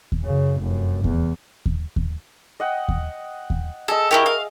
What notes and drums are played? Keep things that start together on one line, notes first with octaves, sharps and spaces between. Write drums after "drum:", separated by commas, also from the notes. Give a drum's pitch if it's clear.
drum: kick D#2
F#2 C#3
F1 F#2
E2, drum: kick D#2
drum: kick D#2
drum: kick D#2
D#5 F#5 G5
drum: kick D#2
drum: kick D#2
G#4 A4 D#5
E4 F#4 G4 A#4 C#6
F5